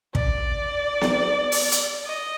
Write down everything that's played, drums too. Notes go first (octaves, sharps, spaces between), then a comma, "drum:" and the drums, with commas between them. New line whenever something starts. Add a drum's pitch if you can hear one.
D5, drum: kick
drum: snare B3
drum: open hi-hat
drum: hi-hat
D#5